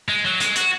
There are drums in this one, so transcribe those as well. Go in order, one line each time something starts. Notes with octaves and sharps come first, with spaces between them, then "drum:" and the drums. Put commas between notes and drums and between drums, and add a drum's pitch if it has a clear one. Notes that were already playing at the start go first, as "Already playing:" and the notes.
G#3
F#3
G#3, drum: hi-hat
F#4, drum: hi-hat